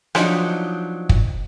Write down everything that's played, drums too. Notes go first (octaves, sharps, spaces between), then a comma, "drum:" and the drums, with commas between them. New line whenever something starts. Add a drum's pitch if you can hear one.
F3 F#3 D4 D#4, drum: rim click
drum: kick